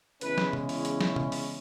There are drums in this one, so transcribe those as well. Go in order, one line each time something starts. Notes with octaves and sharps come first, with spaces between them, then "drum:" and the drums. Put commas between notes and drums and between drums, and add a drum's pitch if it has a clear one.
E2 C#3 G#3 C#4 E4 B4, drum: hi-hat
drum: snare
drum: tom
drum: open hi-hat
drum: hi-hat
drum: snare
drum: tom
drum: open hi-hat